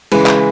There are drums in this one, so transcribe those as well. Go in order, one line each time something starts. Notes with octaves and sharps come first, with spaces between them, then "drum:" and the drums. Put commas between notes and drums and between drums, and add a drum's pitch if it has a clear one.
C#3 E3 G#3 B4, drum: cymbal
drum: clap